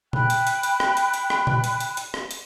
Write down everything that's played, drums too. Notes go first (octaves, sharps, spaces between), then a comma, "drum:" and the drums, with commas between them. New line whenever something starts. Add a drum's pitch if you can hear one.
G5 B5 F#6, drum: tom A#2
drum: hi-hat
drum: hi-hat
drum: hi-hat
drum: rim click
drum: hi-hat
drum: hi-hat
drum: rim click
drum: tom A#2
drum: hi-hat
drum: hi-hat
drum: hi-hat
drum: rim click
drum: hi-hat